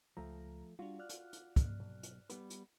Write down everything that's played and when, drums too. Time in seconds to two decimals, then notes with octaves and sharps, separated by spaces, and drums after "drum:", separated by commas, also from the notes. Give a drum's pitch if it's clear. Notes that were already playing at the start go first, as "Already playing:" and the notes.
0.17 C#2 F3 A3 A#5
0.79 G3 D4 F4 F#4
0.99 D5 F6 F#6
1.09 drum: hi-hat
1.33 drum: hi-hat
1.56 drum: kick, hi-hat
1.80 B1
2.03 drum: hi-hat
2.30 G3 B3 B4, drum: hi-hat
2.50 drum: hi-hat